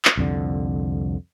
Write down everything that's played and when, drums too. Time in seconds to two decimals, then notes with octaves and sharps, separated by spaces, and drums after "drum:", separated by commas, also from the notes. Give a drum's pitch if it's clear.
0.05 drum: clap
0.18 C2 F2 D3